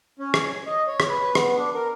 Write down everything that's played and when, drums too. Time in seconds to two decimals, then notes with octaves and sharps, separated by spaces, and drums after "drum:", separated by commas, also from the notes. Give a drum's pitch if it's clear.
0.19 C#4
0.34 drum: rim click
0.67 D#5
0.87 C#5
1.00 drum: rim click
1.09 B4
1.35 B3, drum: rim click
1.57 D4
1.75 A#4